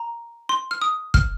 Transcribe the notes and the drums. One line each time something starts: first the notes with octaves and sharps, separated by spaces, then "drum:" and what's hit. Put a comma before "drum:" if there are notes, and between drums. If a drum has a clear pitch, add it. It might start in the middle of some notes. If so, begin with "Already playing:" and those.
Already playing: A#5
C6
F6
D#6
F6, drum: kick